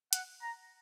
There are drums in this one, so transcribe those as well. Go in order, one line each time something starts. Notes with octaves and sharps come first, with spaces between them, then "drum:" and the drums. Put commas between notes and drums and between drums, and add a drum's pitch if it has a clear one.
F#5, drum: hi-hat
A#5